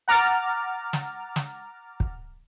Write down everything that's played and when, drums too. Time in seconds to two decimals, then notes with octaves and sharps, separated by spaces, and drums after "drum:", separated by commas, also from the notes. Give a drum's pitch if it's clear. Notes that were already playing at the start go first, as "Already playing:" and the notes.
0.08 F#5 A#5 D6 F6 A6
0.93 drum: snare
1.36 drum: snare
2.00 drum: kick